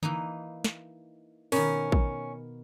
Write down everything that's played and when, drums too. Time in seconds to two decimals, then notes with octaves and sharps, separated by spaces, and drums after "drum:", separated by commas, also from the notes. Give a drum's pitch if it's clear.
0.03 E3 A#3 D#4, drum: tom D3
0.64 drum: snare
1.52 B2 D#3 C#4 A#4, drum: open hi-hat
1.92 drum: kick